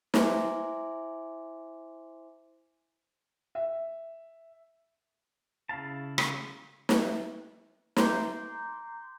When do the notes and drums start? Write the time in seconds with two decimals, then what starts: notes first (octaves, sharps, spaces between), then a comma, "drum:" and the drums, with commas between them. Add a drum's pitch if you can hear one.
0.14 E4 C5 E5 G#5 C6 D6, drum: snare
3.55 E5
5.69 C#3 E4 F5 A5
6.18 drum: rim click
6.89 drum: snare
7.96 A#5 C6 D6 G6, drum: snare